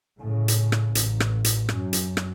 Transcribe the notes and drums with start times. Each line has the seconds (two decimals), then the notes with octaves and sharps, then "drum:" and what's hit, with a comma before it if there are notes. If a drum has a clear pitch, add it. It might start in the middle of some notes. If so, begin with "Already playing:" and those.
0.20 A2 C#3
0.48 drum: hi-hat
0.72 drum: rim click
0.95 A1, drum: hi-hat
1.20 drum: rim click
1.44 drum: hi-hat
1.69 F#2, drum: rim click
1.93 drum: hi-hat
2.17 drum: rim click